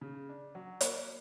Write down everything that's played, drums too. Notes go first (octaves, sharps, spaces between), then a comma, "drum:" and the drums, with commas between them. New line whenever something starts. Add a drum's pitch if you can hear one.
C#3
D4
F#3
A#3, drum: hi-hat